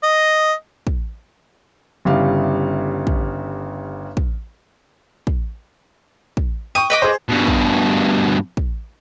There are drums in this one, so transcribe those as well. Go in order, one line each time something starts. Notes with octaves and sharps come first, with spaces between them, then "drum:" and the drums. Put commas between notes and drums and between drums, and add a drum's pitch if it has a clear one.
D#5
drum: kick
G1 C#3 G3 E4 F5
drum: kick
drum: kick
drum: kick
drum: kick
G5 C#6 D#6
B4 D#5 D6
G#4 C5
G2 B2
drum: kick
drum: kick